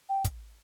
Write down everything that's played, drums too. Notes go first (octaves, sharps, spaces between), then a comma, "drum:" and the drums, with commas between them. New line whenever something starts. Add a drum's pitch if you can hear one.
G5
drum: kick, hi-hat